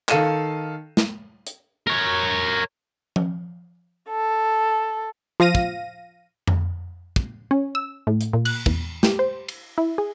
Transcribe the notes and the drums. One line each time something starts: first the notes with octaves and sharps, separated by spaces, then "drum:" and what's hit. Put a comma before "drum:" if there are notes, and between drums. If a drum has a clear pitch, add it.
D#3 A4 F5 D#7 E7, drum: clap
drum: snare
drum: hi-hat
A#4 C#5
drum: tom F3
A4
F3 F5 A#6 D#7
drum: kick
drum: tom F2
drum: kick
C#4
E6
A2
drum: hi-hat
A#2
F#6, drum: cymbal
E2, drum: kick
G4, drum: snare
C5
drum: cymbal
E4
G#4